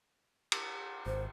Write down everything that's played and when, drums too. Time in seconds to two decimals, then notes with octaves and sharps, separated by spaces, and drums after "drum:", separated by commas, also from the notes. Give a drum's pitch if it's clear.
0.52 drum: cymbal
1.06 G#1 C5